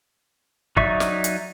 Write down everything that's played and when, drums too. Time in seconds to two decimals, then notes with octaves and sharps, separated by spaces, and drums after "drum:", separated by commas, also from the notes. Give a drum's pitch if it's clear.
0.77 F#3 D#4 D5 E5 C#6, drum: kick
1.00 drum: snare
1.24 drum: hi-hat